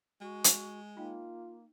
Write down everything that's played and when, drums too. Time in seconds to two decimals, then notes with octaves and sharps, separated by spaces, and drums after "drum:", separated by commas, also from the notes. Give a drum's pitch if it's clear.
0.21 G#3 F#4
0.44 drum: hi-hat
0.97 A#3 D#4 F4 D#5 G5